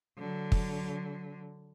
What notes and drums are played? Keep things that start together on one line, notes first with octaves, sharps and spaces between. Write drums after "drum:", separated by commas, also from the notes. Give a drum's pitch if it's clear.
D3 F#3
drum: kick